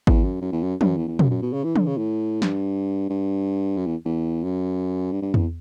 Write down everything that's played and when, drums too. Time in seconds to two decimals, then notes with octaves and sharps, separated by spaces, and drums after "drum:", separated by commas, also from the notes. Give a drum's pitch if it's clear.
0.07 E2, drum: kick G#1
0.24 F#2
0.41 F#2
0.52 E2
0.63 F#2
0.81 G2, drum: tom
0.86 F#2
0.97 E2
1.08 E2
1.19 F#2, drum: tom
1.31 F#2
1.42 B2
1.53 C#3
1.64 E3
1.76 D3, drum: tom
1.87 C#3
1.98 A2
2.42 G2, drum: snare
3.10 G2
3.77 F#2
3.86 E2
4.05 E2
4.44 F#2
5.12 G2
5.22 G2
5.34 E2, drum: tom E2